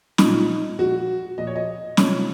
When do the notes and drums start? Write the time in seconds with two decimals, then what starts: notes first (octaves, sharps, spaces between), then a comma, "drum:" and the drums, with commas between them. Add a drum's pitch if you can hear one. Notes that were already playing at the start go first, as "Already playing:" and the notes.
0.18 A#2 F3 D#4, drum: snare
0.79 A#2 F3 F#4
1.38 A#2 F3 D#5
1.47 C#5
1.56 D#5
1.97 C3 F3 C#5, drum: snare